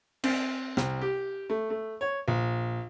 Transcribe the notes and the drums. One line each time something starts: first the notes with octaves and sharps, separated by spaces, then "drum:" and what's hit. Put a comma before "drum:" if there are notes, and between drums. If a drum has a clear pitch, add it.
C4, drum: cymbal
C2, drum: snare
G4
A3
A3
C#5
A#1